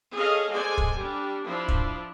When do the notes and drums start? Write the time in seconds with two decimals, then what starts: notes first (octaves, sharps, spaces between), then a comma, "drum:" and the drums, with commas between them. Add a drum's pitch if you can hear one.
0.13 G#4 A4 C#5 D#5 F5
0.52 G#3 A4 C5 D5 G#5
0.78 drum: kick
0.95 G3 D4
1.46 F3 D4 E4
1.68 drum: kick